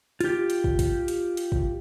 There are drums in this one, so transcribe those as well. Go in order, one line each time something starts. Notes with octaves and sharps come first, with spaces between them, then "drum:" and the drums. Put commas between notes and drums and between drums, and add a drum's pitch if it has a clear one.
F4 G4, drum: hi-hat
drum: hi-hat
drum: kick
drum: kick, hi-hat
drum: hi-hat
drum: hi-hat
drum: kick